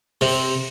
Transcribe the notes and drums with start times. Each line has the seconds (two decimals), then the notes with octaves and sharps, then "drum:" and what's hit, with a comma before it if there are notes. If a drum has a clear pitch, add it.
0.21 C3, drum: open hi-hat